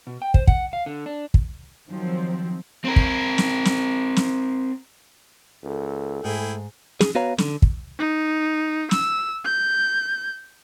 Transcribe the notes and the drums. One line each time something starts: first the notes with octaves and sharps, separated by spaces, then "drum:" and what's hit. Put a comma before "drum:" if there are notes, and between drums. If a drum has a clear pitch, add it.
B2
G5
C5, drum: kick
F#5, drum: kick
F5
D3
D4
drum: kick
D#3 F3 F#3 C4
C4 A#4
drum: kick
drum: snare
drum: snare
drum: snare
C#2 A4
G#2 A3 E4 G#4 G5
G#4, drum: snare
B3 F#4 B4 C#5 F5 A#5
D3, drum: snare
drum: kick
D#4
E6, drum: snare
G6